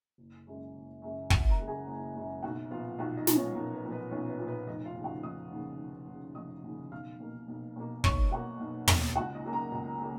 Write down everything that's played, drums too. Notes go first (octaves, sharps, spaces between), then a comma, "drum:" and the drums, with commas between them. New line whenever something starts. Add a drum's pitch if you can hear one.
F#1
F#2 C#3 G#3
F#1
F#2 C#3 G#3
F#1 F#4 F#5, drum: kick
A#4 A#5
F#2 C#3 G#3
G#4 G#5
F#1
F#2 C#3 G#3
B1 F#4 F#5
A#2 F3 B3 F4 F5
B1 F#4 F#5
D#4 D#5
A#2 F3 B3, drum: snare
C#4 C#5
B1 A#4
B4
A#2 F3 B3
B4
B1 C#4 C#5
B4
A#2 F3 B3
B4
F1 D#4 D#5
F4 F5
D#2 C#3
F#4 F#5
F1 D#5 D#6
D#2 C#3
F1
D#2 C#3
F1 D#5 D#6
D#2 C#3
B1 F5 F6
B2 A#3
B1
B2 A#3
B1 C#5 C#6, drum: kick
B2 A#3 F#4 F#5
B1
B2 A#3, drum: tom
C#2 F#4 F#5
D#4 D#5
C#3 F#3 A#3
A#4 A#5
C#2
C#3 F#3 A#3